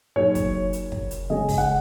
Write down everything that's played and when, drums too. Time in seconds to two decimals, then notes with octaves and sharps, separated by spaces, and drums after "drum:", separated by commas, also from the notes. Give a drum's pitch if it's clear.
0.16 A#2 F#3 D#4 G#4 C#5
0.35 drum: kick, hi-hat
0.73 drum: hi-hat
0.92 drum: kick
1.11 drum: hi-hat
1.30 C#3 G#3 C#4 G#4 D#5
1.49 drum: kick, open hi-hat
1.58 F#5